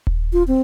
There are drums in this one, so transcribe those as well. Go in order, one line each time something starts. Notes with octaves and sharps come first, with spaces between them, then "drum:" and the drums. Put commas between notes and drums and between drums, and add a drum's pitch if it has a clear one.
drum: kick D#1
F4
C4